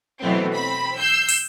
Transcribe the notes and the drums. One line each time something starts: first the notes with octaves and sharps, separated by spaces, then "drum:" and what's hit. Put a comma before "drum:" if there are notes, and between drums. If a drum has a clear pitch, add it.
B2 E3 F#3 A3 B3 C4
C4 B5
E6 G6 C7
drum: open hi-hat